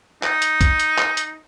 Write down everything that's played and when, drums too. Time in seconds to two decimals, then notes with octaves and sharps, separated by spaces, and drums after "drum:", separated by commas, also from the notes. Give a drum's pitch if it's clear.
0.23 D#4, drum: clap
0.42 drum: hi-hat
0.61 drum: kick C2, hi-hat
0.79 drum: hi-hat
0.98 drum: clap
1.17 drum: hi-hat